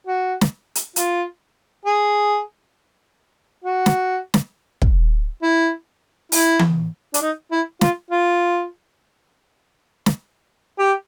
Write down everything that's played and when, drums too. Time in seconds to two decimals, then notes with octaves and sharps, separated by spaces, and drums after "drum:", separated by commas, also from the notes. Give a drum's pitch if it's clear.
0.07 F#4
0.41 drum: snare
0.75 drum: hi-hat
0.96 F4, drum: hi-hat
1.86 G#4
3.64 F#4
3.86 drum: snare
4.34 drum: snare
4.82 drum: kick
5.43 E4
6.32 E4, drum: open hi-hat
6.59 drum: tom E3
7.14 D4, drum: hi-hat
7.21 D#4
7.51 E4
7.81 F4, drum: snare
8.11 F4
10.06 drum: snare
10.78 G4